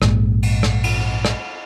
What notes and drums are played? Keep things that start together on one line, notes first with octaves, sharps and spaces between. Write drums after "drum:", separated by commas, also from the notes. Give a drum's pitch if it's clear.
A#1 G#2, drum: rim click
drum: cymbal
drum: rim click
drum: cymbal
drum: rim click